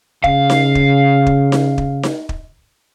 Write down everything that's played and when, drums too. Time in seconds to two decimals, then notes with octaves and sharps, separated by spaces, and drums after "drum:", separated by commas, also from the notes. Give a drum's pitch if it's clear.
0.24 C#3 F5, drum: kick
0.50 drum: snare D#4
0.75 drum: kick
1.26 drum: kick
1.52 drum: snare D#4
1.78 drum: kick
2.03 drum: snare D#4
2.29 drum: kick